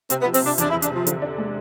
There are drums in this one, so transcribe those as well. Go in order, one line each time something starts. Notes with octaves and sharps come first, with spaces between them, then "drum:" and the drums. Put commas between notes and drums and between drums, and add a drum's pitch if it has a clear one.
C3 C4, drum: hi-hat
B3
F3
C4, drum: open hi-hat
C3 D4
E2 D4, drum: hi-hat
E4
E2
D4, drum: hi-hat
C3 F3
D3, drum: hi-hat
D4
G#3